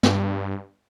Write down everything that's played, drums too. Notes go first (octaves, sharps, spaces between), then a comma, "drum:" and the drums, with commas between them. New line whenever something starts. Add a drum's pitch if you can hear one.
G2, drum: snare